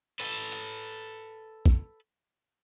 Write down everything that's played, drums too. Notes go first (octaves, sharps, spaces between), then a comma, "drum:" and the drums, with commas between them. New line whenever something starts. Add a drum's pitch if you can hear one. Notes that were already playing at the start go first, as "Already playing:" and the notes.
A4 B4, drum: open hi-hat
drum: hi-hat
drum: kick